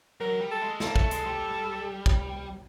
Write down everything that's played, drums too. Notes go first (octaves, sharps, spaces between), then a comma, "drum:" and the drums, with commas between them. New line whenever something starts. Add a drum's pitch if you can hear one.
F#3 A#4
G3
A4
G#3
A#3 A4, drum: snare
A3, drum: kick
G#3, drum: hi-hat
G3
drum: kick